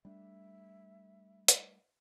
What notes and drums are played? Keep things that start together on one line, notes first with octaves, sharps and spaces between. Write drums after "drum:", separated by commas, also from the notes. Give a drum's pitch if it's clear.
G3 A3 D4 E5
drum: hi-hat